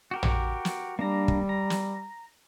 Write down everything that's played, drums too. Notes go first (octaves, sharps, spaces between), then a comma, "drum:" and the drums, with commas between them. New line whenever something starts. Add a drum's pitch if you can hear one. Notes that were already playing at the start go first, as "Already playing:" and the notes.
F#4 G4 A#4
drum: tom
drum: snare
G3 A#3 D4 A#5
drum: kick
A#5
drum: snare